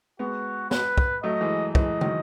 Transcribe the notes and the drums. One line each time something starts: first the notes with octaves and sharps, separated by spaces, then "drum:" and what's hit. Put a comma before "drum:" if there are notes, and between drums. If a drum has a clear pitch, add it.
G#3 B3 F#4
B4, drum: snare
drum: kick
F#3 A3 D#5
E3 G#3
E3 G#3 D#5, drum: kick
D#3 F#3, drum: tom